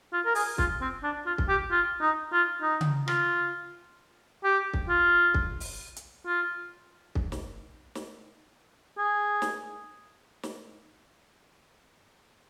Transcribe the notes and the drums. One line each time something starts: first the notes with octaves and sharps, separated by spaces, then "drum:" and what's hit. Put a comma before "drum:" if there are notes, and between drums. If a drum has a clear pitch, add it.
F4
A#4
G#4, drum: open hi-hat
F4, drum: kick
C4
D4
F4
drum: kick
G4
F4
D#4
F4
D#4
drum: tom C#3
F4, drum: rim click
G4
drum: kick
F4
drum: kick
drum: open hi-hat
drum: hi-hat
F4
drum: kick
drum: snare
drum: snare
G#4
drum: snare
drum: snare